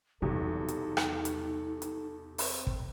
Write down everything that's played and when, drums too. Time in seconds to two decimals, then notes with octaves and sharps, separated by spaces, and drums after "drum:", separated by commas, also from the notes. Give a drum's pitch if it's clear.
0.22 B1 E2 C3 G3 D#4 A4
0.68 drum: hi-hat
0.97 drum: rim click
1.25 drum: hi-hat
1.82 drum: hi-hat
2.38 C4, drum: open hi-hat
2.67 drum: kick